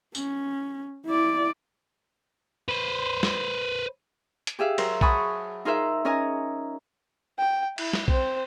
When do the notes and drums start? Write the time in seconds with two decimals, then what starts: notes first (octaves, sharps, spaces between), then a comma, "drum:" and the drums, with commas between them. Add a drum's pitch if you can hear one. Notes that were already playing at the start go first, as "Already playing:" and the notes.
0.15 C#4, drum: tambourine
1.06 E4 D5
2.69 B4 C5
3.23 drum: snare
4.47 drum: hi-hat
4.59 G4 G#4 E5 F5
4.78 F#3 A#4 C5, drum: cymbal
5.01 F#5 G#5 A5 B5 C#6 D#6, drum: kick B1
5.65 D#4 F4 G#4 A#4 C5 E5
6.05 C#4 A#4 D#5 G#5 A#5
7.39 G5
7.78 E4, drum: cymbal
7.93 drum: snare
8.08 C4 C5, drum: kick B1